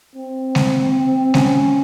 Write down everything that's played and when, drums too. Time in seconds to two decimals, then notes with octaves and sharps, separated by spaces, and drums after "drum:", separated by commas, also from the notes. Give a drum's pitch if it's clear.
0.15 C4
0.55 drum: snare G#3
1.34 C#4, drum: snare G#3